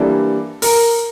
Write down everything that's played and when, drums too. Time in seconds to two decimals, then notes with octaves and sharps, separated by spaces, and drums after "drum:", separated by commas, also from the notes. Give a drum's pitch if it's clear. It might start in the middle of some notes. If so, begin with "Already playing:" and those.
Already playing: E3 G3 A#3 D4 A4
0.62 A#4, drum: open hi-hat